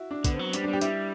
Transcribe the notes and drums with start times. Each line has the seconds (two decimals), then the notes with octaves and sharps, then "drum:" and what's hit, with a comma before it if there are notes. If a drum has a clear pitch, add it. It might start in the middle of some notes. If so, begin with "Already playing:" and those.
Already playing: E4 F#4
0.11 D4
0.25 D3 B3, drum: kick B1, hi-hat
0.34 C4
0.39 F#3
0.53 G3 D4, drum: hi-hat
0.64 D4
0.68 G3
0.73 G4
0.81 G3 E4, drum: hi-hat